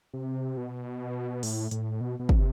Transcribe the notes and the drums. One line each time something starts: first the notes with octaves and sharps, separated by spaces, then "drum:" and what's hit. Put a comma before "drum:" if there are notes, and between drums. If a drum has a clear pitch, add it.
C3
B2
A2, drum: open hi-hat
A2, drum: hi-hat
B2
B2
C3, drum: kick